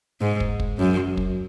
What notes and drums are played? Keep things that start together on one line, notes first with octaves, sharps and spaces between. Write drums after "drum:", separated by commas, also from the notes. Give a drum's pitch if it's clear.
G#2
drum: kick
drum: kick
F#2
drum: kick